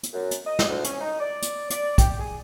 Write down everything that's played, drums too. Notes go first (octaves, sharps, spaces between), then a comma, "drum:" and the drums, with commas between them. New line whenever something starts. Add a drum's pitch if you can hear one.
drum: hi-hat
F#2
drum: hi-hat
D#5
drum: snare
D2
C#4, drum: hi-hat
D#4
D5
drum: hi-hat
D5, drum: hi-hat
G4, drum: kick, hi-hat
G#4